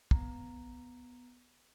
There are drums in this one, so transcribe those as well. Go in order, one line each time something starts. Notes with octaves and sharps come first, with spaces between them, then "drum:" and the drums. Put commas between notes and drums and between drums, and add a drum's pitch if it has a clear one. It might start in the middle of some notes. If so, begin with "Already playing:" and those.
B3 A#5, drum: kick